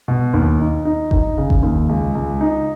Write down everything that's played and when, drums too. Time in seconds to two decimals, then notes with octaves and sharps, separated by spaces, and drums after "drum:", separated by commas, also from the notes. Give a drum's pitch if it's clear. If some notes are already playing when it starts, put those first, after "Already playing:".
0.08 B2
0.34 D#2
0.60 D#4
0.85 D#4
1.11 D#4, drum: kick G1
1.37 C#3
1.50 drum: kick G1
1.63 D#2
1.89 C#2
2.15 C#2
2.41 D#4